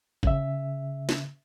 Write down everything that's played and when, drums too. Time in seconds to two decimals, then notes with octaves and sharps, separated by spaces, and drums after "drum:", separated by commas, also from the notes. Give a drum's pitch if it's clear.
0.23 C#3 E5, drum: kick G#1
1.09 drum: snare